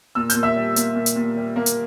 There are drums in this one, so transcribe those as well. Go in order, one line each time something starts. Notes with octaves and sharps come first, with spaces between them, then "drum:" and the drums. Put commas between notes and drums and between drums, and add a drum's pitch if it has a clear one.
A#2 E6
G6, drum: hi-hat
A#2
E5 E6
G3
A#3, drum: hi-hat
A#2
drum: hi-hat
A#2
G3
A#3
drum: hi-hat